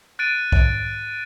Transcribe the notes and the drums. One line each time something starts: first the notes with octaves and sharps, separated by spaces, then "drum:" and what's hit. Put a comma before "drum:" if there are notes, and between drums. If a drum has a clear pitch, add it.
F#6 A6 D7 D#7
drum: kick B1